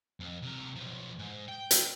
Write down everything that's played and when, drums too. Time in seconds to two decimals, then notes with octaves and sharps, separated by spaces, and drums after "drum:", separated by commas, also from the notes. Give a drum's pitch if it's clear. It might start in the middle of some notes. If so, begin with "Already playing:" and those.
0.20 F2
0.42 C3 A#4
0.76 B1 F3
1.19 G#2
1.49 G5
1.71 drum: hi-hat